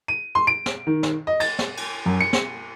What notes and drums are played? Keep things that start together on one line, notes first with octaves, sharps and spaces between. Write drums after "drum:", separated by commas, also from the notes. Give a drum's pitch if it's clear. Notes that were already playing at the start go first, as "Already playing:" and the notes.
D#7
C6
D7
drum: snare
D#3
drum: snare
D#5
A6, drum: cymbal
drum: snare
drum: cymbal
F#2
C#7
drum: snare